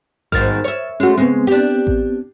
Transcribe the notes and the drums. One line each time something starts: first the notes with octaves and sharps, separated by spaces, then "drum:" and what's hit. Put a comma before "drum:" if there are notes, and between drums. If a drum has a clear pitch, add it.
G#2 B2 D#3 F6 A6, drum: kick A1
C#5 E5
G#3 A3 C#4 F#4
C#3 G#3 B3 C4
D4 G4
drum: kick A1